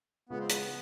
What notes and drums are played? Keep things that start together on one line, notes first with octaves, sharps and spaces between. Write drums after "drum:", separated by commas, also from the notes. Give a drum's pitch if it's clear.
C#3 F3 G#3 B3
C4
B3, drum: hi-hat